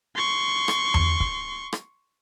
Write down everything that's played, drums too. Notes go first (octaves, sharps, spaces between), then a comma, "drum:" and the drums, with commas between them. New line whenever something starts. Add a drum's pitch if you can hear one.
C6 C#6
drum: rim click
drum: tom E2
drum: kick
drum: rim click